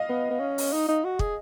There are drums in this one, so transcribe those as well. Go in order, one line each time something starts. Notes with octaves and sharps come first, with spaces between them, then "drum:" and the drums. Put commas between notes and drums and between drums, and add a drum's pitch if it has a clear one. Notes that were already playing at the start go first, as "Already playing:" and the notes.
Already playing: D#5 F5
B3
B3
C#4
drum: open hi-hat
D#4
D#4
F#4
G#4, drum: kick